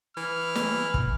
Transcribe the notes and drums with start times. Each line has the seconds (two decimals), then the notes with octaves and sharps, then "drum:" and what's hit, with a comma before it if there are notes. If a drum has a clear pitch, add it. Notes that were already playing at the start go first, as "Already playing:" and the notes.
0.17 E3 F6
0.55 drum: snare
0.94 drum: kick